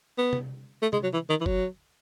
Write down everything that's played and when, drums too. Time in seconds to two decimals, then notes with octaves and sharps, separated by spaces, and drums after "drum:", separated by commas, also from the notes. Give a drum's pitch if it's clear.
0.18 B3
0.33 drum: tom C3
0.82 A3
0.93 G#3, drum: tom C3
1.03 F#3
1.14 E3
1.29 D#3
1.41 E3
1.46 F#3, drum: kick